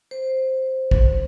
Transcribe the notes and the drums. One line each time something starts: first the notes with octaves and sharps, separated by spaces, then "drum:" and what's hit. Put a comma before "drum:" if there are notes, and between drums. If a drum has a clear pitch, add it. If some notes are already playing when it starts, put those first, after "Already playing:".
C5
drum: kick